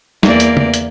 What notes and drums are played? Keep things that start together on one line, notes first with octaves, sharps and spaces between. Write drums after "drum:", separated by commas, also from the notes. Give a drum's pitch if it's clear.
E2 A#3 D5, drum: snare
drum: hi-hat
drum: tom
drum: hi-hat